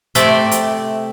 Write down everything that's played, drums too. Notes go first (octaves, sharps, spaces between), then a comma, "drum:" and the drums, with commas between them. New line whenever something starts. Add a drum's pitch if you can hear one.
C3 A3 D5 E5 G5, drum: hi-hat
drum: hi-hat